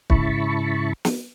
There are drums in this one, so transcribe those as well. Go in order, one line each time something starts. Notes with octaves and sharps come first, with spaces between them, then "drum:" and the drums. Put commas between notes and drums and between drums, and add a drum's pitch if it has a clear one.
G#2 C#3 E4 A5 B5 C#6, drum: kick
drum: snare